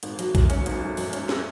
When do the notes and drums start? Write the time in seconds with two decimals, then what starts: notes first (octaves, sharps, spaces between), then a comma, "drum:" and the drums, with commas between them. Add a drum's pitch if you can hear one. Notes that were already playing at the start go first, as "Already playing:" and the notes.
0.03 G#1, drum: hi-hat
0.19 F#3, drum: hi-hat
0.35 F#2, drum: kick, hi-hat
0.50 C#4, drum: hi-hat
0.66 G#1, drum: hi-hat
0.82 F#3
0.97 F#2, drum: open hi-hat
1.13 C#4, drum: hi-hat
1.29 drum: snare